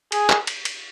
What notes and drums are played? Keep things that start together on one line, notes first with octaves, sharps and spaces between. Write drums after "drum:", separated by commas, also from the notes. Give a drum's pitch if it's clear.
G#4, drum: cymbal
drum: clap
drum: cymbal
drum: cymbal